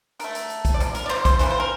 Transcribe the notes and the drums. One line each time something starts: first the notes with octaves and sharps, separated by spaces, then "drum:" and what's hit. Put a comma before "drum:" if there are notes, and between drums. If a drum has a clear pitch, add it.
D3 A3 A#4, drum: hi-hat
drum: hi-hat
drum: hi-hat
drum: kick A#1, hi-hat
D5
C3 F3, drum: hi-hat
A#4, drum: hi-hat
D5
C5, drum: clap
C5, drum: kick A#1, hi-hat
E3 G3 A#3 C5, drum: hi-hat
C5
A#4